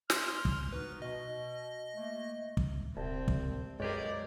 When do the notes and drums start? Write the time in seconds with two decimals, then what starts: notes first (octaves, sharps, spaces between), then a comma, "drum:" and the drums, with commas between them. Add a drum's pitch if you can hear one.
0.10 C6 F6, drum: snare
0.45 drum: kick
0.72 B3 D#4 F#4 B4
1.02 B2 D#5
1.95 A3 A#3
2.57 drum: kick
2.97 D#1 C2 C4 A5
3.28 drum: kick
3.80 B1 F#2 G#3 G4 G#4 A#4 C#5 D5